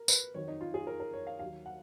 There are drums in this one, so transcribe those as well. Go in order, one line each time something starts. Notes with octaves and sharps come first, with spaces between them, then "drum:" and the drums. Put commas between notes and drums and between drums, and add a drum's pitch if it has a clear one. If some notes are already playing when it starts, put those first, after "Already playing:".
Already playing: A#4
B4, drum: tambourine
F2 D#3 F#3 C#5
D#4
F4
G#4
A#4
A#4
C#5
F5
D#2 D#3 F#3 F5
F#5